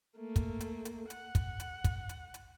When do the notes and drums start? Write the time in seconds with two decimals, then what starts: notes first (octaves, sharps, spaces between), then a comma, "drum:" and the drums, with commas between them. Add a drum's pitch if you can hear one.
0.18 A3 A#3
0.36 drum: kick, hi-hat
0.60 drum: hi-hat
0.85 drum: hi-hat
1.10 F#5, drum: hi-hat
1.35 drum: kick, hi-hat
1.60 drum: hi-hat
1.84 drum: kick, hi-hat
2.09 drum: hi-hat
2.34 drum: hi-hat